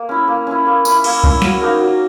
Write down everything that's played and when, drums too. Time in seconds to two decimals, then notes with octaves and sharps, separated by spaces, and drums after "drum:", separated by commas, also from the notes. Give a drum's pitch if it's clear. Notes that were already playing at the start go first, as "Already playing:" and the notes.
Already playing: A#3
0.09 C#4 E4
0.28 A#3
0.47 C#4 E4
0.67 A#3
0.85 C#4 E4, drum: tambourine
1.04 A#3, drum: cymbal
1.24 C#4 E4, drum: kick C2
1.42 F#3, drum: snare
1.61 A#3 D#4 A#4
1.80 F#3